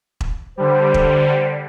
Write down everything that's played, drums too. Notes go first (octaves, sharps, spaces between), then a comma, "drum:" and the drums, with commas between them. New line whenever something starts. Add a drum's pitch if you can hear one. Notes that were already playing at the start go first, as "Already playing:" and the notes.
drum: kick E1
D3 G3 C5
drum: kick E1